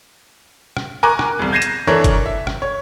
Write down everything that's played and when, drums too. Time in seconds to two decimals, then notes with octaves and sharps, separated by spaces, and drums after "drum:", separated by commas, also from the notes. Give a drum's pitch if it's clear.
0.77 drum: rim click
1.03 A#4 G#5 A#5 C#6 D6 F#6
1.19 drum: rim click
1.39 E1 C2
1.52 G6 G#6 A#6 C7 D#7 E7
1.62 drum: hi-hat
1.87 E3 D4 A4 A#4 C#5
2.04 drum: kick F#1, hi-hat
2.26 E5
2.47 drum: rim click
2.62 C#5